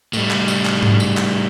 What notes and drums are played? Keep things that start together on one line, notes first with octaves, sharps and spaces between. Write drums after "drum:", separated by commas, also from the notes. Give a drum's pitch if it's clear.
A2 G3, drum: tambourine
drum: clap
drum: tambourine
drum: clap
drum: tom G#2
drum: tambourine
drum: clap